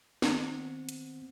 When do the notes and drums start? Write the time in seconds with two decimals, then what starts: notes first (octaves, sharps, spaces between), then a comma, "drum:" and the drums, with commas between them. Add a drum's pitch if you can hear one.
0.22 D#3 B3 C4 C#7, drum: snare
0.89 drum: hi-hat